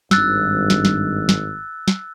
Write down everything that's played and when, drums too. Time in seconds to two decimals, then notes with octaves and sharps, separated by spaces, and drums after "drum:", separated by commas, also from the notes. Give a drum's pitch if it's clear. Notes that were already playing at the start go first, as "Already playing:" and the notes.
0.11 G#1 G2 E6 F#6 A6, drum: snare
0.70 drum: snare
0.85 drum: snare
1.29 drum: snare
1.88 drum: snare